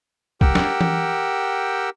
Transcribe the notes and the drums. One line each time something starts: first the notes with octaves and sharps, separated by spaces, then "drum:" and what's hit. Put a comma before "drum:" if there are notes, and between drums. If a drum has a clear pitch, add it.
G4 A#4 F#5 G5 E6, drum: kick
drum: snare
drum: tom E3